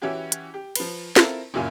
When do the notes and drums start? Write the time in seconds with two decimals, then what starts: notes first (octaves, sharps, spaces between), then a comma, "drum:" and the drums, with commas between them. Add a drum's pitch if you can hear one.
0.02 E3 C#4 E4 F#4 G4
0.32 drum: hi-hat
0.54 G4
0.75 F3 B4, drum: cymbal
1.16 C4 E4 F4 A4 A#4, drum: snare
1.54 F#1 F#2 A#2 E4 F4 G#5